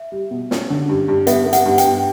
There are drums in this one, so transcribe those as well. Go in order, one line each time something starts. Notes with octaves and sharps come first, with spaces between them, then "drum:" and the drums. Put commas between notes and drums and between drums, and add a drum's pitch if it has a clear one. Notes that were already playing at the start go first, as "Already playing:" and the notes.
Already playing: E5
G3
B2
C#4, drum: snare
D3
G2
G2
B3 E5, drum: hi-hat
B3
F#5, drum: hi-hat
G2
G5, drum: hi-hat
G2